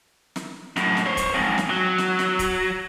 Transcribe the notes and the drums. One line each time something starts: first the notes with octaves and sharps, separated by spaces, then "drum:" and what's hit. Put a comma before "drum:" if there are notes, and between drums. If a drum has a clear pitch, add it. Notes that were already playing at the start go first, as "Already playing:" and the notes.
drum: snare
F#2 A2, drum: snare
drum: snare
C5 C#5
drum: kick, hi-hat
F2 G#2
drum: snare
F#3
drum: snare
drum: snare
drum: kick, hi-hat